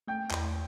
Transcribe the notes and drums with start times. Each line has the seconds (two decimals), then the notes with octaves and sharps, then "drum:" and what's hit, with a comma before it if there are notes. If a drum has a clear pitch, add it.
0.07 A3 G5 G6
0.31 E2, drum: clap